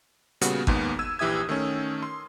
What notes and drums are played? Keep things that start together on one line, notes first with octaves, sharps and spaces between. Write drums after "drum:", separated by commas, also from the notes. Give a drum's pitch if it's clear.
A#2 C#3 G3 B3 F#4, drum: hi-hat
D#2 G#2 B3, drum: kick
E6 G#6 D#7
A#1 E3 G4 E5 D#6 G#6
D#3 A3 C#4
C6